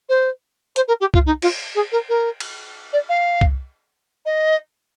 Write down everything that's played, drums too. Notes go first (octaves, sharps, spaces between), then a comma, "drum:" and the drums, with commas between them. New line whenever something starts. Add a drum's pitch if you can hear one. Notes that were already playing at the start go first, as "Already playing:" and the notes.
C5
C5, drum: hi-hat
A#4
G4
F4, drum: kick C2
D#4
F4, drum: cymbal
G#4
A#4
A#4
drum: cymbal
D5
F5
drum: kick C2
D#5